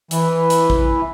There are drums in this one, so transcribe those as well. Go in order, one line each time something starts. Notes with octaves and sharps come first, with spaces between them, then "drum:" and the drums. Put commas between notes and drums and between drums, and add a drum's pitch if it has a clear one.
E3, drum: hi-hat
drum: hi-hat
drum: kick A1